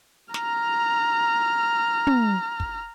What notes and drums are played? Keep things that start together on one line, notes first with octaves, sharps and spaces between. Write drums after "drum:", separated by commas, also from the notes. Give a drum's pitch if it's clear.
A#5 F6, drum: snare
drum: tom
drum: kick